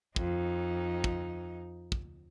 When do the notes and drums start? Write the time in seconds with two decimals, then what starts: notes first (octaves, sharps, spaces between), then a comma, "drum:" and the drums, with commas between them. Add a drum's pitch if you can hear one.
0.16 F2 D#4, drum: kick
1.04 drum: kick
1.92 drum: kick